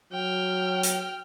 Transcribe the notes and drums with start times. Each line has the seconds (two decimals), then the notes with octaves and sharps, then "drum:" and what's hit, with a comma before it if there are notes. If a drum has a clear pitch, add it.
0.13 F#3 G5 F6
0.83 drum: hi-hat